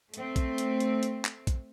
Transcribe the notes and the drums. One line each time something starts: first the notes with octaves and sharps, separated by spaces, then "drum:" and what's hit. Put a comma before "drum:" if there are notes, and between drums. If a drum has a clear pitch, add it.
A3 C4, drum: hi-hat
drum: kick A#1, hi-hat
drum: hi-hat
drum: hi-hat
drum: hi-hat
drum: clap
drum: kick A#1, hi-hat